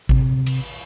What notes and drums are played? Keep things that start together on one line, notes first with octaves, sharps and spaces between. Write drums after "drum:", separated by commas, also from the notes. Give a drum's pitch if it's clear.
C3, drum: kick A1
drum: cymbal